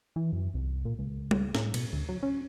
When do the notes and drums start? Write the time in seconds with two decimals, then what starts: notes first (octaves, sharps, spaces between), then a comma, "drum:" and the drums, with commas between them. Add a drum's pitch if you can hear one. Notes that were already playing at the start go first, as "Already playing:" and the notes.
0.16 E3
0.33 F#2
0.54 C2
0.85 A#2
0.99 C#2
1.31 drum: tom G3
1.55 A2, drum: snare
1.74 B2, drum: cymbal
1.93 D2
2.09 F#3
2.23 C#4